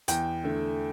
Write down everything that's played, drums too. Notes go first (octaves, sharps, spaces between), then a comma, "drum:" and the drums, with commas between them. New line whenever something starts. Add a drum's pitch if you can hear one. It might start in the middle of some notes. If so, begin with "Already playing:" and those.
E2 G5, drum: hi-hat
D3 A3